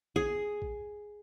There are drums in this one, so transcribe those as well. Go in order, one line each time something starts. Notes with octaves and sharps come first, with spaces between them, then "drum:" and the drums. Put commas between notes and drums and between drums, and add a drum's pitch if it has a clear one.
G#4, drum: kick A1
drum: kick A1